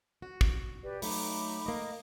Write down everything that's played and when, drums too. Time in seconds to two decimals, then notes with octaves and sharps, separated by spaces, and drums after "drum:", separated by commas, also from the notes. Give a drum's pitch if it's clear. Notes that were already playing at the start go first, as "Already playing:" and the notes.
0.22 F#4
0.41 drum: kick
0.82 G4 B4 D5
1.02 F#3 A3 D#4 B5 D6, drum: open hi-hat
1.66 A#3 D#5